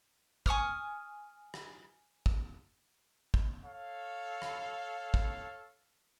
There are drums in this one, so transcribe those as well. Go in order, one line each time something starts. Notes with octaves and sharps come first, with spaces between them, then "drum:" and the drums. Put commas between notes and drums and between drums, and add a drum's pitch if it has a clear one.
G#5 C#6 D#6 F6, drum: kick
drum: rim click
drum: kick
drum: kick
A4 C#5 F5
drum: rim click
drum: kick